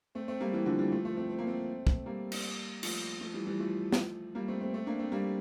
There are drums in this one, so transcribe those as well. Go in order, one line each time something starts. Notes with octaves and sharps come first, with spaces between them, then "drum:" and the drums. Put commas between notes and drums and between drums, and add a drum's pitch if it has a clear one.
A3 C4
A3 C4
G3 A#3
E3 G3
D3 F3
E3 G3
F3 A3
F3 A3
A3 C4
C4
A#3
A3 C4
drum: kick
G3 A#3
drum: cymbal
F3 A3, drum: cymbal
F3 A3
E3 G3
E3 G3
F3 A3
drum: snare
G3 A#3
A3 C4
A3 C4
A3 C4
A#3 D4
A3 C4
G3 A#3